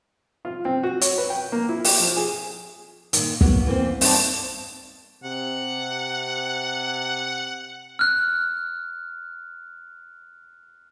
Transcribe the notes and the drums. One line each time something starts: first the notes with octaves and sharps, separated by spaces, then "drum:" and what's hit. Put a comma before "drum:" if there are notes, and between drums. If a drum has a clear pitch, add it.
F4
C4
F#4
C#5, drum: hi-hat
B4
G5
A#3
E4
G4, drum: open hi-hat
F3
G#4
A#2 D#3, drum: hi-hat
F#3 A#3 B3, drum: kick
E3 A#3 C4
C4 D#4 B4 D5 A5, drum: open hi-hat
C3 F#5
F6 F#6